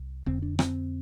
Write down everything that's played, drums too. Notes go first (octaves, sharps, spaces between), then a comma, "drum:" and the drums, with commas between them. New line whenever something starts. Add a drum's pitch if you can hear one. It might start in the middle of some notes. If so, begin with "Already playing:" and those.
Already playing: C2
F2 D3 C4, drum: kick
D4
C4, drum: rim click